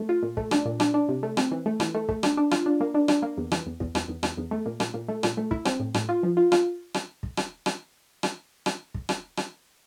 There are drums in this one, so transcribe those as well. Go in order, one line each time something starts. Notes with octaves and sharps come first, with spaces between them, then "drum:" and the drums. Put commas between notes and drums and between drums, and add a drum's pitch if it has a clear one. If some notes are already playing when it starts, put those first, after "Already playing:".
Already playing: A3
F4
A#2
A3, drum: kick
D4, drum: rim click
A#2
D4, drum: rim click
D4
C3
A3
C4, drum: rim click
E3
A3
E3, drum: rim click
A3
A3, drum: kick
D4, drum: rim click
D4
F4, drum: rim click
D4
A#3
D4
D4, drum: rim click
A#3
E2
E3, drum: rim click
E2
E2, drum: kick
E2, drum: rim click
E2
E2, drum: rim click
E2
A3
A#2
A#2, drum: rim click
A#2
A3
A#2, drum: rim click
A3
E4, drum: kick
C4, drum: rim click
A2
A2, drum: rim click
F4
F3
F4
F4, drum: rim click
drum: rim click
drum: kick
drum: rim click
drum: rim click
drum: rim click
drum: rim click
drum: kick
drum: rim click
drum: rim click